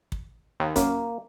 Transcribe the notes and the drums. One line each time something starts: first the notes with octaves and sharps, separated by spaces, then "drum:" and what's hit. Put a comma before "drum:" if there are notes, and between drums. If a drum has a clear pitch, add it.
drum: kick
D#2
F#2 A#3, drum: kick, hi-hat